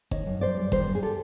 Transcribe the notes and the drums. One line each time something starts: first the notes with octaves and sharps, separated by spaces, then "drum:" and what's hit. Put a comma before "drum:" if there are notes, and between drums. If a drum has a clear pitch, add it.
D#3 C#5 D#5, drum: kick
F#2
F#2 C5 D5
G3
D#3 A#4 C5, drum: kick
F#2
G#4
G4 A4